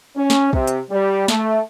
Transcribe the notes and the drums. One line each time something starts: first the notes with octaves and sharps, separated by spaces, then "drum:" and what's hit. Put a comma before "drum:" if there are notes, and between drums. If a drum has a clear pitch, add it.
C#4
drum: snare
C3, drum: kick
drum: hi-hat
G3
A3, drum: snare